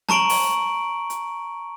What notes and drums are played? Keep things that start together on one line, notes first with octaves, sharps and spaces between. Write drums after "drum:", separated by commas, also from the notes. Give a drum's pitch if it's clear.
A5 A#5 C#6 D7 F#7, drum: snare
drum: open hi-hat
drum: hi-hat